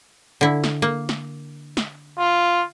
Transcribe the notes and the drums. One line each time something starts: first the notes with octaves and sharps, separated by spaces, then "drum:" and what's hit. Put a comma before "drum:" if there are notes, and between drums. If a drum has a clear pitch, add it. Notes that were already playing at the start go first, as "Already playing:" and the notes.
D3 E4
drum: snare
A#3
drum: snare
drum: snare
F4